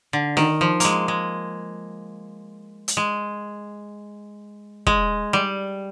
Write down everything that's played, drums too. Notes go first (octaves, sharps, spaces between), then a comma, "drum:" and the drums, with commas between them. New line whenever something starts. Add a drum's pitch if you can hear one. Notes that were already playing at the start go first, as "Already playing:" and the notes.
D3
D#3, drum: snare D4
F3
G#3 A#3, drum: hi-hat
G#3
drum: hi-hat
G#3
G#3, drum: kick
G3